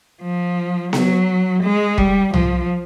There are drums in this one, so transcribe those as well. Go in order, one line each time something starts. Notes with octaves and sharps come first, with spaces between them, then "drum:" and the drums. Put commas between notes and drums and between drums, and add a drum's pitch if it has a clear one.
F3
F#3, drum: snare B3
G#3
G3, drum: kick
F3, drum: tom C2